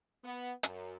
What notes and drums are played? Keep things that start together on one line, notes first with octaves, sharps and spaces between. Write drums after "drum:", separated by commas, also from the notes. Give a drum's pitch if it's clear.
B3
F#2, drum: hi-hat